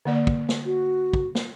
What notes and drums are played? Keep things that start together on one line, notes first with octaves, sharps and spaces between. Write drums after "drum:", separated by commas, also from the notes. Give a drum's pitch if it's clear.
D3 A#3 D5
drum: kick
drum: snare
F#4
drum: kick
drum: snare